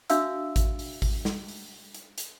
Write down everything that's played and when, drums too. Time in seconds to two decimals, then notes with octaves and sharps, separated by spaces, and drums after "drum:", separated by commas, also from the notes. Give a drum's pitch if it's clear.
0.10 D4 F#4 E5 F5 E6, drum: hi-hat
0.56 drum: kick G#1, hi-hat
0.79 drum: open hi-hat
1.02 drum: kick G#1, open hi-hat
1.25 drum: snare
1.48 drum: open hi-hat
1.95 drum: hi-hat
2.18 drum: hi-hat